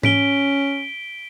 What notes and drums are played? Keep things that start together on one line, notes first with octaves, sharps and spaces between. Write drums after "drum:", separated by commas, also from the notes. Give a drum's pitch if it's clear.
C#4 B6 D7 G7, drum: tom G#2